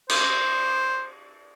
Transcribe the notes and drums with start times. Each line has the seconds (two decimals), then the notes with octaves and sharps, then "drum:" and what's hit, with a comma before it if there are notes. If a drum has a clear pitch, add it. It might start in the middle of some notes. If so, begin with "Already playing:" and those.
0.09 C5, drum: cymbal